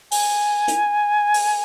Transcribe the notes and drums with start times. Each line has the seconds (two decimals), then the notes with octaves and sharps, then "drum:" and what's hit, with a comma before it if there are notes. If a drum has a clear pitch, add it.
0.11 G#5, drum: open hi-hat
0.68 drum: hi-hat
1.34 drum: open hi-hat